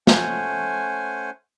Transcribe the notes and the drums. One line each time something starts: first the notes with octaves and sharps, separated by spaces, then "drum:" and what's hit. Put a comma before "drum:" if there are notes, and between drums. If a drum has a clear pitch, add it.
A3 C#4 C5 F#5 G#5, drum: snare